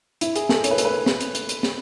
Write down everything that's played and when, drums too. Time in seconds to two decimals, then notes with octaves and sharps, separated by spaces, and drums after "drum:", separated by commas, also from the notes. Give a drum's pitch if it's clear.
0.21 E4, drum: hi-hat
0.36 G#4, drum: hi-hat
0.49 A4, drum: snare
0.64 C#5, drum: hi-hat
0.71 B4
0.78 A4, drum: hi-hat
0.85 B4
1.06 drum: snare
1.21 drum: hi-hat
1.35 drum: hi-hat
1.49 drum: hi-hat
1.63 drum: snare